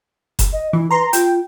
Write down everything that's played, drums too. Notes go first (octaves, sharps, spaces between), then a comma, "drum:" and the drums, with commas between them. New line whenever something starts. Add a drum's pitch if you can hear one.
drum: kick F#1, hi-hat
D#5
E3 E4
B4 A#5 C6
F4 G5, drum: hi-hat